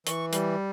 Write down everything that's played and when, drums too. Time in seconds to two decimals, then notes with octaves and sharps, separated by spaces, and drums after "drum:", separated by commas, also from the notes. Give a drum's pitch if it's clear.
0.07 E3 C#6, drum: hi-hat
0.33 G3, drum: hi-hat